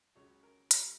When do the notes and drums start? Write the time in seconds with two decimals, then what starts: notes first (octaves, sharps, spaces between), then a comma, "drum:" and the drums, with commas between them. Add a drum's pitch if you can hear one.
0.15 C#2 C#3 F#3 C#5
0.43 A#4
0.71 F#2 F#3 G#4, drum: hi-hat